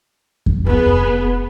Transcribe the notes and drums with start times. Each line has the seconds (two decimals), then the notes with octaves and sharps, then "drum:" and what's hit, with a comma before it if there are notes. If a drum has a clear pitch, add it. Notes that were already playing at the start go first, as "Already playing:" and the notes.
0.46 drum: kick F2
0.67 F1 D2 B3 G#4 B4